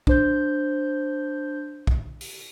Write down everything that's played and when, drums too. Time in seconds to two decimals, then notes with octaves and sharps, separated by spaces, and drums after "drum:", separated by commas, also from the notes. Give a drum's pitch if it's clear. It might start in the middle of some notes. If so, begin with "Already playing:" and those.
0.07 D4 C5 G6, drum: kick
1.87 drum: kick
2.21 drum: open hi-hat